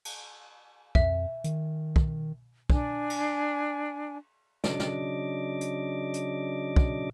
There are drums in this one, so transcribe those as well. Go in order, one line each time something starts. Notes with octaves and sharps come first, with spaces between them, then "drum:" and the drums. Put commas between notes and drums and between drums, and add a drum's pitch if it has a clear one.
drum: cymbal
F2 E5, drum: kick
D#3, drum: hi-hat
drum: kick
D4 G#5, drum: kick
drum: cymbal
C#3 F#3 D4 D#5 D6, drum: snare
drum: snare
drum: hi-hat
drum: hi-hat
drum: kick